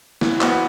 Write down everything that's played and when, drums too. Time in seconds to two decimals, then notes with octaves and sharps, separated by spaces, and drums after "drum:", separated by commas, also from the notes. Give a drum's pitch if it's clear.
0.21 E3, drum: snare
0.41 B3 F#4, drum: clap